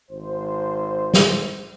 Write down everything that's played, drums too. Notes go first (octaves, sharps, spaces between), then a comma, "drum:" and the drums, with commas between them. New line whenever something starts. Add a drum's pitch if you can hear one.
G#1 C5
drum: snare